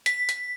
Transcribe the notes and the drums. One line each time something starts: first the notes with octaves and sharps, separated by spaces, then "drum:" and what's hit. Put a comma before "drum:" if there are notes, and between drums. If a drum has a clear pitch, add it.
B6, drum: hi-hat
drum: hi-hat